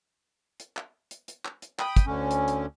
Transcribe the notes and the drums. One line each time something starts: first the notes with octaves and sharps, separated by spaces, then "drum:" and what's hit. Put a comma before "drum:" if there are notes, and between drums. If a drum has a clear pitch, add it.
drum: hi-hat
drum: clap
drum: hi-hat
drum: hi-hat
drum: clap
drum: hi-hat
G5 B5 D#6, drum: clap
drum: kick, hi-hat
D2 D3 C#4
drum: hi-hat
drum: hi-hat